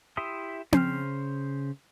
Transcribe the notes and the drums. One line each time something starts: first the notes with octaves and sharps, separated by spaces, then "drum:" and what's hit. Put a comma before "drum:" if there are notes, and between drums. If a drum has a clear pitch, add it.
E4 G4 E5 C6 D#6
C#3 C5 F6, drum: tom C4